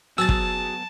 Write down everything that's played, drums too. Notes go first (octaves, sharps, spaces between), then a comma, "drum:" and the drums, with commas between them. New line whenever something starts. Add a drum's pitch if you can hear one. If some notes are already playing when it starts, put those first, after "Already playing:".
F#3 B3 F#4 G#4 G#5 A5 E6 A6
drum: kick